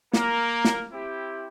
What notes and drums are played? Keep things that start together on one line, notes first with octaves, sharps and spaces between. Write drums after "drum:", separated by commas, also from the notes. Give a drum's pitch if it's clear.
A#3 A#4, drum: snare
drum: snare
C4 E4 G4